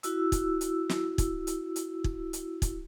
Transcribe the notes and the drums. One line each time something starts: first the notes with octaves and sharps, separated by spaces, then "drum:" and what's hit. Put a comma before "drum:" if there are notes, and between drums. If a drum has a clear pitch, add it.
E4 F#4 E6, drum: hi-hat
drum: kick, hi-hat
drum: hi-hat
drum: snare
drum: kick, hi-hat
drum: hi-hat
drum: hi-hat
drum: kick
drum: hi-hat
drum: kick, hi-hat